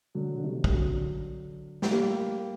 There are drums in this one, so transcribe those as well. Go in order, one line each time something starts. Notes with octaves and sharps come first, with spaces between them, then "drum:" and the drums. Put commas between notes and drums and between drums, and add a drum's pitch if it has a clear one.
D3 F#3
D3
C3 D#3
G3, drum: kick
D3 F#3
drum: snare
G3 A#3